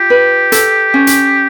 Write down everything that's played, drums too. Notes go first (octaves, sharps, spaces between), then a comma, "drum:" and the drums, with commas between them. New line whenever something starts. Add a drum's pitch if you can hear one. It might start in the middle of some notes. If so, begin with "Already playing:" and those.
Already playing: F4 G4
B4
A4, drum: hi-hat
C#4
drum: hi-hat